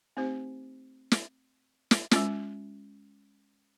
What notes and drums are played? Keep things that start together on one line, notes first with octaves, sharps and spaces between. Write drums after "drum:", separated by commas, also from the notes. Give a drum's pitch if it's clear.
A3 C4 D#4 G4 C5
drum: snare
drum: snare
G#3 C#4 F4, drum: snare